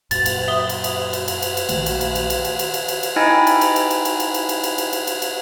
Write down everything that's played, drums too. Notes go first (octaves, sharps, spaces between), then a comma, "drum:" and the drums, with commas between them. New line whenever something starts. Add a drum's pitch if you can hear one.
F#2 A#2 A6, drum: cymbal
drum: cymbal
E5 D#6 G7
drum: cymbal
drum: cymbal
drum: cymbal
drum: cymbal
drum: cymbal
drum: cymbal
A#1 D#3 A3, drum: cymbal
drum: cymbal
drum: cymbal
drum: cymbal
drum: cymbal
drum: cymbal
drum: cymbal
drum: cymbal
drum: cymbal
drum: cymbal
D#4 E4 D#5 G5 G#5 B5
drum: cymbal
drum: cymbal
drum: cymbal
drum: cymbal
drum: cymbal
drum: cymbal
drum: cymbal
drum: cymbal
drum: cymbal
drum: cymbal
drum: cymbal
drum: cymbal
drum: cymbal